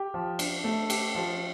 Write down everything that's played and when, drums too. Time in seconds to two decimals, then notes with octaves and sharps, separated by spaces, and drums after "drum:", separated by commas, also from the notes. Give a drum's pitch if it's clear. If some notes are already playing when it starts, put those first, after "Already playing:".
Already playing: G4
0.14 F3
0.39 D4, drum: cymbal
0.64 A3
0.90 G4, drum: cymbal
1.15 F3